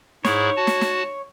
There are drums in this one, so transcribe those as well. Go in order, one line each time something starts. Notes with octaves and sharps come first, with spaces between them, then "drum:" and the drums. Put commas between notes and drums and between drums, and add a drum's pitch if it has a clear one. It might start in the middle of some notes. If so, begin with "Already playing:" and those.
G#2 E4 G#4 C#5, drum: snare
F#4 A5
drum: snare
drum: snare